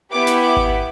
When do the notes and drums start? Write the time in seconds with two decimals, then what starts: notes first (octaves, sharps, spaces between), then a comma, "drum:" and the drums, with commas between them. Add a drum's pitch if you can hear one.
0.12 B3 E4 G4 D6
0.27 drum: snare
0.42 D6
0.57 drum: kick G#1